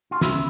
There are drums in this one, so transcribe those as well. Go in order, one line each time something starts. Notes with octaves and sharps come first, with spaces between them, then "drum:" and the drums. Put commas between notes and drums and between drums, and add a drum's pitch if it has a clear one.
F4
C#3 E4, drum: snare